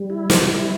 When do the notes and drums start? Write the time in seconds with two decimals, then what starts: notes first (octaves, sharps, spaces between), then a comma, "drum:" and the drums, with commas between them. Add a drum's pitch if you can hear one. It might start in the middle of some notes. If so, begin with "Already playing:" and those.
Already playing: G3
0.10 E4
0.30 G3, drum: snare
0.49 E4